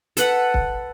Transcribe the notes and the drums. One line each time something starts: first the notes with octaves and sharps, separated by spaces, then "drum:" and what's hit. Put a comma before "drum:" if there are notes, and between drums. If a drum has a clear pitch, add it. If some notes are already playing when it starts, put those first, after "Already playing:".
A4 B4 F#5, drum: hi-hat
drum: kick